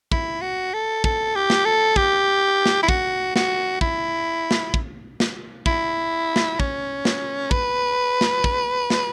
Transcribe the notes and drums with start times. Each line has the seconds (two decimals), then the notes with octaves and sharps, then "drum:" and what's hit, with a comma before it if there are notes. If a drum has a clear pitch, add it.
0.12 E4, drum: kick
0.41 F#4
0.73 A4
1.04 A4, drum: kick
1.35 G4
1.50 drum: snare
1.65 A4
1.96 G4, drum: kick
2.66 drum: snare
2.83 E4
2.89 F#4, drum: kick
3.36 F#4, drum: snare
3.81 E4, drum: kick
4.51 drum: snare
4.74 drum: kick
5.20 drum: snare
5.66 E4, drum: kick
6.36 drum: snare
6.60 C#4, drum: kick
7.05 drum: snare
7.51 B4, drum: kick
8.21 drum: snare
8.44 drum: kick
8.90 drum: snare